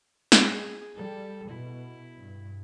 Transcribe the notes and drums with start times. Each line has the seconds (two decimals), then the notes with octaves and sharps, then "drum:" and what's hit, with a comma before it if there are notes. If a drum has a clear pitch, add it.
0.32 drum: snare
0.43 G#4
0.96 G3 A4
1.49 B2 E4
2.19 G2